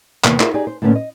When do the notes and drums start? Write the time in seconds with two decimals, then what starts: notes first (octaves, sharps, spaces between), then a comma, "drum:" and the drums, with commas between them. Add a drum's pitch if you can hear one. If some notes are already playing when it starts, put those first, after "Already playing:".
0.24 E2 C3 D#3 A#3 G5, drum: clap
0.40 E4 F4 G4 G#4 A#4, drum: clap
0.54 D#4 G4 G#4 D5
0.67 C5
0.82 A2 D3 A#3 B3 C#4
0.95 D#5